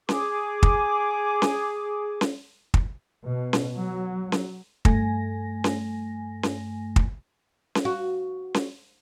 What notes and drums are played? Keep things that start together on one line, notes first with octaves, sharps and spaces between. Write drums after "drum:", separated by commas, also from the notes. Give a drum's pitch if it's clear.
G#4 D6, drum: snare C#4
drum: kick
drum: snare C#4
drum: snare C#4
drum: kick
B2
drum: snare C#4
F#3
drum: snare C#4
G2 A3 G#5 A#6, drum: kick
drum: snare C#4
drum: snare C#4
drum: kick
drum: snare C#4
F#4
drum: snare C#4